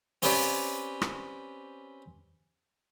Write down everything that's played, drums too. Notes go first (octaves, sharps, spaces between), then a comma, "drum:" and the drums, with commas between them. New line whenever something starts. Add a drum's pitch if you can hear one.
C4 C#4 G4 B4 C#5 D5, drum: open hi-hat
drum: rim click